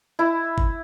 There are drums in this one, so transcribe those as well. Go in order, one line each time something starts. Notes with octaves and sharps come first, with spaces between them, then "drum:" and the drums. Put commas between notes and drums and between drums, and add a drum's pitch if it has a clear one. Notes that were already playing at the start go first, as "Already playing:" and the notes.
E4
drum: kick G1